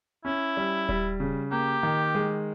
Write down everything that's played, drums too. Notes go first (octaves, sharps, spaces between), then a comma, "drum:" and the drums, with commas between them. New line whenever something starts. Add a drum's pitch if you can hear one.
C#4 E4
G3
G3, drum: kick D#1
C#3
A#3 G4
D#3
G#3